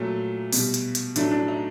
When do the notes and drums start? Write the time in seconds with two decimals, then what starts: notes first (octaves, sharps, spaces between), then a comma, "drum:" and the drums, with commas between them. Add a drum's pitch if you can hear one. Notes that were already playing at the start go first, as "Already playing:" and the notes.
Already playing: A#2 F#3 A3
0.53 B2 G3, drum: open hi-hat
0.74 drum: hi-hat
0.95 drum: hi-hat
1.16 A2 F#3 A3 D4, drum: hi-hat
1.31 D4
1.48 D#4